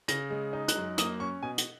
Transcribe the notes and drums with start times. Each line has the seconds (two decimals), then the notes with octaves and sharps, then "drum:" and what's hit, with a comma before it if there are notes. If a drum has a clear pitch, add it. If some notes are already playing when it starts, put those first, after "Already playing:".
0.08 C#3 A#6, drum: hi-hat
0.30 G#3
0.53 D#4
0.68 F#6, drum: hi-hat
0.76 F#2
0.98 A#3 D#6, drum: hi-hat
1.20 C#4 C#6
1.43 B2 G#5
1.58 drum: hi-hat